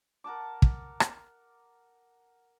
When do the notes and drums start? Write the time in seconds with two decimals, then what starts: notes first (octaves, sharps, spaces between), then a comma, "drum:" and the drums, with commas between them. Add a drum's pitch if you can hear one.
0.24 A#4 F#5 A5 D6
0.62 drum: kick
1.00 drum: rim click